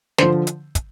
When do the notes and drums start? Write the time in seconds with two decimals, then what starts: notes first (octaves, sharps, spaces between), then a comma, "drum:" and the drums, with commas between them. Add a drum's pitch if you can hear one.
0.18 D3 F3 C5, drum: snare
0.47 drum: hi-hat
0.75 drum: kick, hi-hat